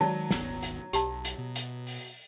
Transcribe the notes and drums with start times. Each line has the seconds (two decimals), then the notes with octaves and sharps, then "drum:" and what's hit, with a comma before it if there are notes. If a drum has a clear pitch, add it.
0.01 D#3 F#3 G#3 D5 A5
0.31 D#1 G#1 B3, drum: snare
0.63 drum: hi-hat
0.93 B1 G4 A5, drum: hi-hat
1.25 drum: hi-hat
1.38 B2
1.56 drum: hi-hat
1.87 drum: open hi-hat